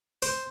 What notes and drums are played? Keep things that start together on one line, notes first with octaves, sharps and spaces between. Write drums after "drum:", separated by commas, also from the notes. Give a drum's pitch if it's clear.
C5, drum: open hi-hat